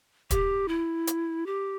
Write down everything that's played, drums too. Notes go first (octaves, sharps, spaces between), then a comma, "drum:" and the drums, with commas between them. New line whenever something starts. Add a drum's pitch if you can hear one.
G4, drum: kick, hi-hat
E4
drum: hi-hat
G4